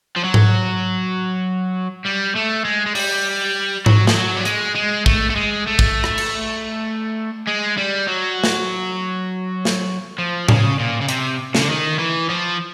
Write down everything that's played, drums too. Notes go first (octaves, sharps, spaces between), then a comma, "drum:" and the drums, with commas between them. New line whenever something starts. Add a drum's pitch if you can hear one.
F3
F#3
drum: tom G#2
G3
A3
G#3
G#3
G3, drum: open hi-hat
F#3, drum: tom G#2
F3, drum: snare
F#3
G3
G#3, drum: hi-hat
G#3
A3, drum: kick
A3
G#3
A3
drum: kick
drum: rim click
drum: cymbal
G#3
G3
F#3
drum: snare
drum: snare
F3
C#3, drum: tom A2
A#2
C#3
C3, drum: hi-hat
C#3, drum: snare
D3
D#3
E3
F3